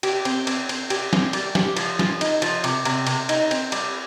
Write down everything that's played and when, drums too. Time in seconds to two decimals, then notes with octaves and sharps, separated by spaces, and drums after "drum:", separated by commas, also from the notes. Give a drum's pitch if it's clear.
0.03 G4, drum: cymbal
0.25 C4, drum: cymbal
0.47 C4, drum: cymbal
0.69 C4, drum: cymbal
0.90 G4, drum: cymbal
1.13 C4, drum: snare
1.33 G3, drum: cymbal
1.55 G4, drum: snare
1.77 F3, drum: cymbal
1.99 F3, drum: snare
2.21 D#4, drum: cymbal
2.42 F3, drum: cymbal
2.64 C3, drum: cymbal
2.85 C3, drum: cymbal
3.07 C3, drum: cymbal
3.29 D#4, drum: cymbal
3.51 C4, drum: cymbal
3.72 G3, drum: cymbal